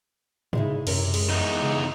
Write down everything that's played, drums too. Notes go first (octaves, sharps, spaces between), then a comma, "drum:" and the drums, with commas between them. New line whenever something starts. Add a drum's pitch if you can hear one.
C#3 G#3 D#4 E4, drum: tom G#2
F#2 C3 C#4 A#4, drum: cymbal
G#3, drum: cymbal
E2 D#4
C#3